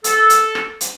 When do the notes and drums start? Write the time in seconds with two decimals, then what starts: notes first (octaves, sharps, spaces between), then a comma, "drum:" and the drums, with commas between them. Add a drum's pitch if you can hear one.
0.04 A4, drum: hi-hat
0.30 drum: hi-hat
0.55 drum: rim click
0.81 drum: hi-hat